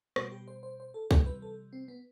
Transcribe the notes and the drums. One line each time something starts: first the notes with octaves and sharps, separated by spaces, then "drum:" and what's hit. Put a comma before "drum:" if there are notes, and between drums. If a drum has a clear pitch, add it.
B2 G3 F#4, drum: rim click
G4
C5
C5
C5
A4
C3 E3 G3 A4, drum: kick
B4
A4
C4
B3